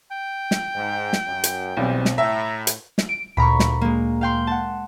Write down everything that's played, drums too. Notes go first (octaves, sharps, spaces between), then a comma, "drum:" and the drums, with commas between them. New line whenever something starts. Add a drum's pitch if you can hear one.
G5
drum: snare
G#2
drum: snare
F#2
drum: hi-hat
B1 E2 E3 G3 C4
drum: snare
A2 E5 A#5
drum: hi-hat
drum: snare
D7
D2 A#2 A#5 B5 C#6
drum: snare
G#3 A#3
F5 G5 C6
F#5 A5